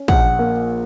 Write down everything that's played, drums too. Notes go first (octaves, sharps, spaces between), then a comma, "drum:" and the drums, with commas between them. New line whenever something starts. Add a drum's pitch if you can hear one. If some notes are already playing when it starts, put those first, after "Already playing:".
Already playing: C#4
A#1 F#5, drum: kick
A#3